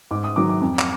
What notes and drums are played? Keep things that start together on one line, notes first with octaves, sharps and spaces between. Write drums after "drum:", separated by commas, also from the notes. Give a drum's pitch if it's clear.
G#2 D6
D#6
D#3 F#3 D6
D6
F2
drum: clap